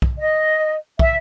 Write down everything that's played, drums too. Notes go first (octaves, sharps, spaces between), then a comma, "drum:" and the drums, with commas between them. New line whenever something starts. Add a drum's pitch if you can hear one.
drum: kick
D#5
E5, drum: kick